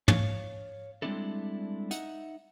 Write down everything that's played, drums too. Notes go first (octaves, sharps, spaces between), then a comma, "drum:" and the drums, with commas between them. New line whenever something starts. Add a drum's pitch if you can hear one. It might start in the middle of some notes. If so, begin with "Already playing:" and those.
C#5 F5, drum: tom
G3 G#3 C4 D4 E4 A4
D#4 E5 F#5, drum: hi-hat